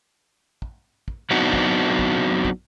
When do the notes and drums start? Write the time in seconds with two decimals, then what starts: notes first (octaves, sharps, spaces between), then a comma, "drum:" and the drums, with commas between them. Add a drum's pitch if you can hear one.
0.62 drum: kick
1.08 drum: kick
1.31 F#3 B3 C4 D4 D#4 F#4
1.53 drum: kick
1.99 drum: kick
2.45 drum: kick